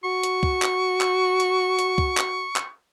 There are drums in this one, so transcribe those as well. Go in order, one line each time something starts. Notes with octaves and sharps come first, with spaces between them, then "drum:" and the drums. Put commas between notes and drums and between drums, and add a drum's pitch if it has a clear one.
F#4 C#6
drum: hi-hat
drum: kick
drum: clap
drum: clap
drum: hi-hat
drum: hi-hat
drum: kick
drum: clap
drum: clap